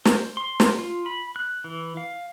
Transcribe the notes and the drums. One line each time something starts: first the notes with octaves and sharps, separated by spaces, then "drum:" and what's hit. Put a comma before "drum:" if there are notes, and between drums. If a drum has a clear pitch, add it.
C5, drum: snare
C6
drum: snare
F4
B5
F#6
E3
F5